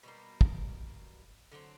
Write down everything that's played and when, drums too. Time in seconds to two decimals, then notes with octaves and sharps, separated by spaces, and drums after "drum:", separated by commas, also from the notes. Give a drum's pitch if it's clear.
0.03 B2 G3 A#3
0.41 drum: kick
1.52 D3 F#3 A3 C4